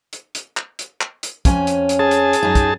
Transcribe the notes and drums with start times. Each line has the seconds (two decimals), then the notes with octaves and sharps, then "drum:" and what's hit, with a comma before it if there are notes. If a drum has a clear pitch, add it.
0.13 drum: hi-hat
0.35 drum: hi-hat
0.57 drum: clap
0.79 drum: hi-hat
1.01 drum: clap
1.23 drum: hi-hat
1.45 F2 C#4 G#5, drum: kick, hi-hat
1.67 drum: hi-hat
1.89 drum: hi-hat
1.99 G#4 A5
2.11 drum: hi-hat
2.33 drum: hi-hat
2.43 F#2 D#4
2.55 drum: kick, hi-hat